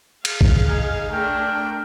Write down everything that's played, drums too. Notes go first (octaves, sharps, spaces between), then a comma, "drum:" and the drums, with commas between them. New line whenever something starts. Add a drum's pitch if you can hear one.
G#4 F5, drum: cymbal
drum: kick
D#4 G#5
A3 D4 A#4 G5